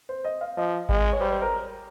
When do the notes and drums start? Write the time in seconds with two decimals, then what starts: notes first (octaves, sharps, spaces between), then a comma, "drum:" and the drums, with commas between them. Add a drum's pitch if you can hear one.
0.09 C5
0.24 D#5
0.41 F5
0.57 F3 D#5
0.89 G#3, drum: kick G#1
1.13 C#5
1.20 G3 C5
1.32 C5
1.42 A#4